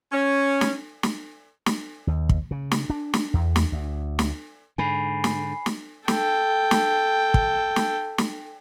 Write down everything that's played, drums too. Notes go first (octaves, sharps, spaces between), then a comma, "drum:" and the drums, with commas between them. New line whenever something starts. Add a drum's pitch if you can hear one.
C#4
drum: snare
drum: snare
drum: snare
D#2
drum: kick
C#3
drum: snare
D4
drum: snare
E2
drum: snare
D2
drum: snare
G#2 D3 G#5 B5 C7
drum: snare
drum: snare
A4 G5, drum: snare
drum: snare
drum: kick
drum: snare
drum: snare